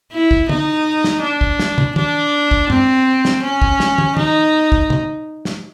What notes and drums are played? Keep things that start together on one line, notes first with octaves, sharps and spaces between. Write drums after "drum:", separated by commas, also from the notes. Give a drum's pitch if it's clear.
E4
drum: kick
D#4, drum: tom
drum: snare
D4
drum: kick
drum: snare
drum: tom
D4, drum: tom
drum: kick
C4, drum: tom
drum: snare
C#4
drum: kick
drum: snare
drum: tom
D#4, drum: tom
drum: kick
drum: tom
drum: snare